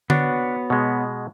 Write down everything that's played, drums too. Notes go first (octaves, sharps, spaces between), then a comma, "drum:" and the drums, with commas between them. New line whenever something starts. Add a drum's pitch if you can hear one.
B3 D4 F#4 C#5, drum: tom D3
B2 G#3